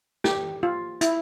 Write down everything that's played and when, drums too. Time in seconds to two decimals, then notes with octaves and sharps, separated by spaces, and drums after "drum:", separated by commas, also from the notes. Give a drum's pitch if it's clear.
0.24 G4, drum: snare
0.63 F4
1.01 E4, drum: hi-hat